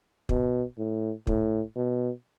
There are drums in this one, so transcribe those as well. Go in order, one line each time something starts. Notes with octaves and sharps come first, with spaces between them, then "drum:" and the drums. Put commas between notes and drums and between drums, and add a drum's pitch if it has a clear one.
B2, drum: kick
A2
A2, drum: kick
B2